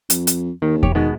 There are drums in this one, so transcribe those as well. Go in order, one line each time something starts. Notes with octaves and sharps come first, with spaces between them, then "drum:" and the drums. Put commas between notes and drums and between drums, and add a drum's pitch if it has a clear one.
F2, drum: hi-hat
drum: hi-hat
D#2 D#3
G4 C#5, drum: kick E2
B2 D#3 G#3 B3